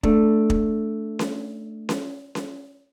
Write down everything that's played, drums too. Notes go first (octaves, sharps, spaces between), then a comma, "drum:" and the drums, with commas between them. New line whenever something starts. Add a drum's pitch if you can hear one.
A3 D4, drum: kick
drum: kick
drum: snare C#4
drum: snare C#4
drum: snare C#4